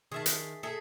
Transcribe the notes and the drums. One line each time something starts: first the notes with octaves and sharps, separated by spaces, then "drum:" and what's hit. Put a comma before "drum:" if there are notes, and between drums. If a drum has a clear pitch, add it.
D#3 G#4 E5 A5
drum: hi-hat
G#4 A4 E5